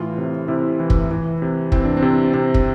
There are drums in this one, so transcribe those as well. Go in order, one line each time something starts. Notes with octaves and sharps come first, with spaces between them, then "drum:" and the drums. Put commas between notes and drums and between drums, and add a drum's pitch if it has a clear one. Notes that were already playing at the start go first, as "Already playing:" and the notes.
Already playing: A2 E3 F4
C3
C3 E4
E3
drum: kick
E3
C3
E3 C4, drum: kick
D4
C4
C3
C3
drum: kick